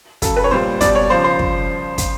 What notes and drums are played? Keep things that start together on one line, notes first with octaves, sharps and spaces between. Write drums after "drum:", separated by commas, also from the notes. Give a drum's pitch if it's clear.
C#3 F#3 A4, drum: kick, hi-hat
B4
C#5
A#2 G3 C5
B2 G3 D5, drum: kick, hi-hat
C#5
C#3 F3 C5
C5
drum: kick
drum: kick, hi-hat